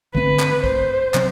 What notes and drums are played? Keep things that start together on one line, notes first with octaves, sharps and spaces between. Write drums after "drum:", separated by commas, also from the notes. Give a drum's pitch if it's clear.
D3 A3 C4 B4, drum: kick A#1
drum: clap
C5, drum: kick A#1
C3 F#3 C4, drum: clap